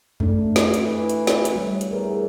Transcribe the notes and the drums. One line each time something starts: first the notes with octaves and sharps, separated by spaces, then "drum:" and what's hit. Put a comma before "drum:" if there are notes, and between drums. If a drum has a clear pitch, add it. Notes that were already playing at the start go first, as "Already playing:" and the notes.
A3 D4, drum: tom F2
drum: snare
drum: hi-hat
E3
drum: hi-hat
drum: snare
drum: hi-hat
G3 C#5
drum: hi-hat
E2 A#4